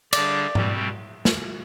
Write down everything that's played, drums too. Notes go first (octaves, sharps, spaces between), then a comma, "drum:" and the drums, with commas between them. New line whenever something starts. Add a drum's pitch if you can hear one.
D3 G3 D4 G#4 D5, drum: cymbal
B2 G3 C4, drum: tom G#2
drum: snare